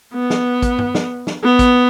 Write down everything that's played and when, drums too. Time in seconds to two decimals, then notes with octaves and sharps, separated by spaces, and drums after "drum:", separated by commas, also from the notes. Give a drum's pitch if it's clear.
0.14 B3
0.30 drum: snare
0.62 drum: kick, hi-hat
0.79 drum: tom G2
0.95 drum: snare
1.27 drum: snare
1.44 B3
1.59 drum: kick, hi-hat